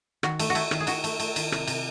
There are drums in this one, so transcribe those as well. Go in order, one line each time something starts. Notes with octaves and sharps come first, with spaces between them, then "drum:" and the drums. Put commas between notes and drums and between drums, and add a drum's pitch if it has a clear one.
D#3 F#4, drum: rim click
A3, drum: cymbal
F#4
A3 E4, drum: cymbal
D#3, drum: rim click
G#4
D#3 F#4, drum: cymbal
A3, drum: cymbal
A3, drum: cymbal
D#3, drum: cymbal
C3, drum: rim click
C3, drum: cymbal